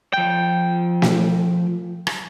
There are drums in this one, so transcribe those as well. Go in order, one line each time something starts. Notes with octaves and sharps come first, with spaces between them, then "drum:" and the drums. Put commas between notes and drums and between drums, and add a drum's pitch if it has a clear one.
F3 G5
drum: snare
drum: rim click